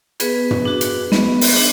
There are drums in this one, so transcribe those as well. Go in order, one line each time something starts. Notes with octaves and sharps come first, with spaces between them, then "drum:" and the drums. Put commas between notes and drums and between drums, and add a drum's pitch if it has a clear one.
B3 G#4 B4, drum: hi-hat
drum: tom
D4 F#4
drum: hi-hat
B3, drum: snare
drum: open hi-hat
D4